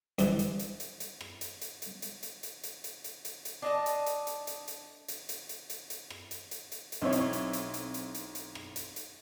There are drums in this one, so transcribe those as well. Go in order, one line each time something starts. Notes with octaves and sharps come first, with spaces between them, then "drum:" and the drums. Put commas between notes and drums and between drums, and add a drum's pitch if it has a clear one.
G2 E3, drum: hi-hat
drum: hi-hat
drum: hi-hat
drum: hi-hat
drum: hi-hat
drum: rim click
drum: hi-hat
drum: hi-hat
drum: hi-hat
drum: hi-hat
drum: hi-hat
drum: hi-hat
drum: hi-hat
drum: hi-hat
drum: hi-hat
drum: hi-hat
drum: hi-hat
D4 D#5 A5
drum: hi-hat
drum: hi-hat
drum: hi-hat
drum: hi-hat
drum: hi-hat
drum: hi-hat
drum: hi-hat
drum: hi-hat
drum: hi-hat
drum: hi-hat
drum: rim click
drum: hi-hat
drum: hi-hat
drum: hi-hat
drum: hi-hat
B1 C4 E4 C#5
drum: hi-hat
drum: hi-hat
drum: hi-hat
drum: hi-hat
drum: hi-hat
drum: hi-hat
drum: hi-hat
drum: rim click
drum: hi-hat
drum: hi-hat